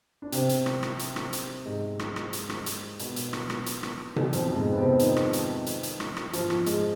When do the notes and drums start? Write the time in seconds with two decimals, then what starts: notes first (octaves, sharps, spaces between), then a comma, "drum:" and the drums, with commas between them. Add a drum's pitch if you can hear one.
0.22 D4
0.32 C3 C4, drum: hi-hat
0.49 drum: hi-hat
0.66 drum: rim click
0.83 drum: rim click
0.99 drum: hi-hat
1.16 drum: rim click
1.33 drum: hi-hat
1.66 G#2 G#3
1.99 drum: rim click
2.16 drum: rim click
2.33 drum: hi-hat
2.49 drum: rim click
2.66 drum: hi-hat
2.99 B2 B3, drum: hi-hat
3.16 drum: hi-hat
3.33 drum: rim click
3.50 drum: rim click
3.66 drum: hi-hat
3.83 drum: rim click
4.16 drum: tom B2
4.33 F2 F3, drum: hi-hat
4.55 G#2 G#3
4.72 B3
4.77 C3 C4
4.99 D#3 D#4, drum: hi-hat
5.16 drum: rim click
5.33 drum: hi-hat
5.66 drum: hi-hat
5.83 drum: hi-hat
6.00 drum: rim click
6.17 drum: rim click
6.33 F3 F4, drum: hi-hat
6.50 drum: rim click
6.66 G#3 G#4, drum: hi-hat